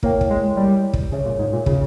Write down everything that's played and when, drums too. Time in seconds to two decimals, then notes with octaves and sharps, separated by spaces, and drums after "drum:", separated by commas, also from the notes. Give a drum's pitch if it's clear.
0.03 A#3 E4 A#4 C#5 G5, drum: kick
0.21 drum: kick
0.30 G#3
0.57 G3
0.93 drum: kick
1.12 C#3 G#4 C#5 E5
1.25 A#2
1.39 G#2
1.53 A#2
1.66 C#3, drum: kick